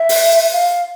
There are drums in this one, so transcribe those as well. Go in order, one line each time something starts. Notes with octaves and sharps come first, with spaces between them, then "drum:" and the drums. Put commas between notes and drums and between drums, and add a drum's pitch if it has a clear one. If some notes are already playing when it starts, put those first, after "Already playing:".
Already playing: E5
drum: open hi-hat
F5